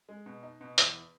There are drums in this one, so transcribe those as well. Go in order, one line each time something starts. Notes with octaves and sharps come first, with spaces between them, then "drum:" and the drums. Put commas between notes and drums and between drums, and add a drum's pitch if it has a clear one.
G#3
B2
D#4
B2
E2, drum: hi-hat